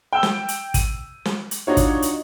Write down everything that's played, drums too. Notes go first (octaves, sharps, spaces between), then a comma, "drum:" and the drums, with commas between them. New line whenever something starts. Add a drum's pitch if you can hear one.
G5 E6 G7
drum: snare
drum: hi-hat
D#7, drum: kick, hi-hat
drum: snare
drum: hi-hat
D4 D#4 F4 F#4 C#5
drum: kick, hi-hat
drum: hi-hat